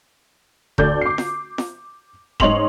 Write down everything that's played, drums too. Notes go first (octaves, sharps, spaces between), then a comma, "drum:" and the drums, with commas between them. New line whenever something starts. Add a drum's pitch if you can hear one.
D2 A4 D5 G6, drum: kick E1
D6 C7
drum: snare F4
drum: snare F4
G#2 C#5 D#5 C6 F7 F#7, drum: kick E1